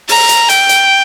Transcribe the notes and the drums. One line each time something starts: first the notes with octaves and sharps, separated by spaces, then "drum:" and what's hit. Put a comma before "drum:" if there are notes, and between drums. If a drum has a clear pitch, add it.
A#5, drum: open hi-hat
drum: hi-hat
G5, drum: hi-hat
drum: hi-hat